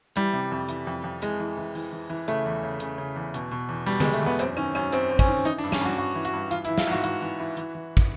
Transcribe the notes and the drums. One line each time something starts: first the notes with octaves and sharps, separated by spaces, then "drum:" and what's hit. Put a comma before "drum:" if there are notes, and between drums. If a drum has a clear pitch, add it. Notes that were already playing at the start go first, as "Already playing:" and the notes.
E3 G3, drum: hi-hat
C3
F2
E3, drum: hi-hat
F2
F2
E3 G#3, drum: hi-hat
E3
E3
E3, drum: open hi-hat
E3
E3
C#3 A3, drum: hi-hat
E2
C#3
C#3, drum: hi-hat
C#3
E2
B2, drum: hi-hat
B2
E2
B2 G3, drum: open hi-hat
G#3, drum: tom D3
B2
A3, drum: hi-hat
E2 B3
F#2 C4, drum: hi-hat
D#3 C#4
F#2 C#4
F#2 C4, drum: hi-hat
F#2
C#4, drum: kick, open hi-hat
D#3
E3 D#4, drum: hi-hat
D4, drum: open hi-hat
G2
C#4, drum: snare
G2 F#4
G2 F#4, drum: open hi-hat
E3
F#4, drum: hi-hat
G2
E3 F4, drum: hi-hat
E4, drum: hi-hat
E3
F4, drum: snare
G#2 F#4
E3 F#4, drum: hi-hat
E3
E3
E3, drum: hi-hat
E3
drum: kick, hi-hat